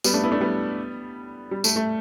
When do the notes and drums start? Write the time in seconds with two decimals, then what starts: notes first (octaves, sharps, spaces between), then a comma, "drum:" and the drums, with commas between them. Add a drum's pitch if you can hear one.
0.04 G3 B3, drum: tambourine
0.14 A3 D4
0.23 B3 E4
0.32 A3 D4
0.41 G3 B3
1.51 G3
1.64 A3, drum: tambourine
1.76 A3